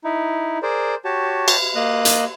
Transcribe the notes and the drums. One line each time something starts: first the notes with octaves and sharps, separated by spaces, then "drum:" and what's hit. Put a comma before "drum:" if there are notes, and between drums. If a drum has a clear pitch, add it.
D#4 E4
G#4 A#4 C5 D5
F#4 G4 C#5 A5
drum: cymbal
A#3 D#5 F#6
drum: hi-hat